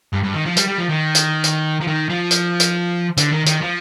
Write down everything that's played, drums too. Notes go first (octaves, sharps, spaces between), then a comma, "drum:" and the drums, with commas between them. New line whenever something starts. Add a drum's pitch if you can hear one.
G2
G2
D#3
F3
G3, drum: hi-hat
G3
F3
D#3
drum: hi-hat
drum: hi-hat
F3
D#3
F3
drum: hi-hat
drum: hi-hat
D3, drum: hi-hat
D#3
D#3, drum: hi-hat
F3